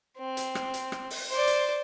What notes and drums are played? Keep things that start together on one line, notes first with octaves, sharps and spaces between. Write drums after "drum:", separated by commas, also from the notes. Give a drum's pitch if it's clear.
C4
drum: hi-hat
drum: rim click
drum: hi-hat
drum: rim click
drum: open hi-hat
C5 D5
drum: hi-hat